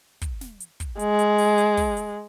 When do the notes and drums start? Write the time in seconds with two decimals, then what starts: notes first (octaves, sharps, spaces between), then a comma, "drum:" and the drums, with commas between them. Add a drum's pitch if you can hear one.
0.22 drum: kick, hi-hat
0.41 drum: snare
0.61 drum: hi-hat
0.80 drum: kick, hi-hat
0.99 G#3, drum: hi-hat
1.19 drum: hi-hat
1.38 drum: open hi-hat
1.58 drum: hi-hat
1.77 drum: kick, open hi-hat
1.97 drum: hi-hat